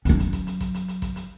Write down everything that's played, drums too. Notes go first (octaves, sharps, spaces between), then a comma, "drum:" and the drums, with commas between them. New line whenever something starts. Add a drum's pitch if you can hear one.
F#3 C#4, drum: hi-hat
drum: hi-hat
drum: kick, hi-hat
drum: hi-hat
drum: kick, hi-hat
drum: hi-hat
drum: hi-hat
drum: kick, hi-hat
drum: hi-hat